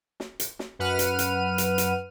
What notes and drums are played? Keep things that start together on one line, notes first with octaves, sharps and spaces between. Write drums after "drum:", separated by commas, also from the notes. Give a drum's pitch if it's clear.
drum: snare
drum: hi-hat
drum: snare
F#2 B4 F#5 F6 D#7
drum: hi-hat
drum: hi-hat
drum: hi-hat
drum: hi-hat